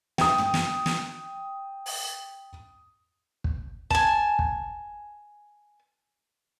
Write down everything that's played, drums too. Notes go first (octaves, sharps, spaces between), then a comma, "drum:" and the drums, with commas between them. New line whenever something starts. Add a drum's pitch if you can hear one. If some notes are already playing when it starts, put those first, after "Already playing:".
G5 D#6, drum: snare
drum: tom
drum: snare
drum: snare
drum: open hi-hat
drum: kick
G#5 A5, drum: kick
drum: kick